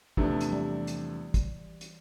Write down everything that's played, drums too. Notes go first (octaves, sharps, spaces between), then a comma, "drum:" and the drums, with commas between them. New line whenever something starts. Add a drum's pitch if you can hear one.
E2 C3 E3 F3 A3 D4, drum: kick
drum: hi-hat
G3
drum: hi-hat
drum: kick, hi-hat
drum: hi-hat